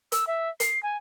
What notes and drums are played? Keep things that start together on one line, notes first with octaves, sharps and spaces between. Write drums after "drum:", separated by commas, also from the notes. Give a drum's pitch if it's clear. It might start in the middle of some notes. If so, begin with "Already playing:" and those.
E6, drum: hi-hat
E5
C7, drum: hi-hat
G#5